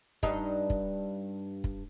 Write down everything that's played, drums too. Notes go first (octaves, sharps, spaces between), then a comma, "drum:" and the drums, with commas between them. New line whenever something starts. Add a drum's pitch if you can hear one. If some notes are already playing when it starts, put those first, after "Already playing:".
G2 D#4, drum: kick
drum: kick
drum: kick